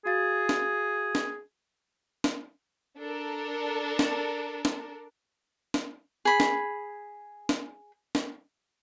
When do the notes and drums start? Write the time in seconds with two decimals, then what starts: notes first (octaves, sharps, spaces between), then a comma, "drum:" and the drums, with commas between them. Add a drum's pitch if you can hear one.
0.05 F#4 G#4 F5 A6
0.49 drum: snare
1.15 drum: snare
2.24 drum: snare
2.97 D4 A4 A#4
3.99 drum: snare
4.65 drum: snare
5.74 drum: snare
6.25 G#4 B5
6.40 drum: snare
7.49 drum: snare
8.15 drum: snare